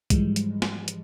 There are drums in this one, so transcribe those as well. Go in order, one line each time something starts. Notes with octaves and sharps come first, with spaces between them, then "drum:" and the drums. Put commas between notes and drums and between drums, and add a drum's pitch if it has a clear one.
G#2 E3 F3 G3 G#3, drum: kick B1, hi-hat
drum: hi-hat
drum: snare
drum: hi-hat